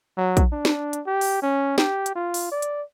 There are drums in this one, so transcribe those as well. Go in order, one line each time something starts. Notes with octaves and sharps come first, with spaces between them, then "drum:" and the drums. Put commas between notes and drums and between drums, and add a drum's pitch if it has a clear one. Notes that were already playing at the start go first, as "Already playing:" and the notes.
F#3
drum: kick A#1, hi-hat
D4
drum: snare
drum: hi-hat
G4
drum: open hi-hat
C#4
G4, drum: snare
drum: hi-hat
F4
drum: open hi-hat
D5
drum: hi-hat